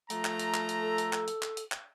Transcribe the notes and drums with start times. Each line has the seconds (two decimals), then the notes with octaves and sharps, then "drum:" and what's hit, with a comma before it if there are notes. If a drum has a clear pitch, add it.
0.10 F3 A3 A#5, drum: hi-hat
0.25 drum: clap
0.39 drum: hi-hat
0.54 drum: clap
0.69 drum: hi-hat
0.80 A4
0.98 drum: hi-hat
1.13 drum: clap
1.28 drum: hi-hat
1.42 drum: clap
1.57 drum: hi-hat
1.72 drum: clap